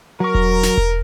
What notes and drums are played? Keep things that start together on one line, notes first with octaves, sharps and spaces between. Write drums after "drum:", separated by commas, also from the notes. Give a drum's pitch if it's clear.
F#3 A#4 C#6
drum: kick E1
drum: snare
drum: kick E1